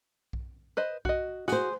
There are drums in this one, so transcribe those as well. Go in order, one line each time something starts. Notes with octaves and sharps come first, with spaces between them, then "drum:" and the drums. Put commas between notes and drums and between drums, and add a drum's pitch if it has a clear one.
drum: kick B1
B4 C5 D#5
F#4 D#5, drum: kick B1
F#4 G#4 C5, drum: snare